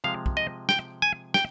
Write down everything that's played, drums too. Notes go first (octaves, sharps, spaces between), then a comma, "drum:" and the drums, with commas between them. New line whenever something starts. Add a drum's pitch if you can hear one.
C3 F3 G#3 F5
drum: kick
D#5
G5, drum: snare
G#5
G5, drum: snare